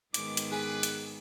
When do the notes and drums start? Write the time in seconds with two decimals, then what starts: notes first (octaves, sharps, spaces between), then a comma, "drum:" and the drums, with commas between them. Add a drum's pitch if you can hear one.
0.14 G#2 D#3 G#3 B3 D6, drum: hi-hat
0.37 drum: hi-hat
0.52 G#4 B4
0.83 drum: hi-hat